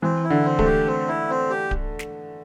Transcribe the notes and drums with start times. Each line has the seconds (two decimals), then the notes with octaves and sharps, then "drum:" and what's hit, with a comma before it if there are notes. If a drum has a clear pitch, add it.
0.02 E3 C4
0.24 E4
0.30 D3
0.45 C4
0.59 A3, drum: kick D1
0.66 G4
0.87 C4
1.08 E4
1.29 C4
1.50 G4
1.71 drum: kick D1
1.99 drum: snare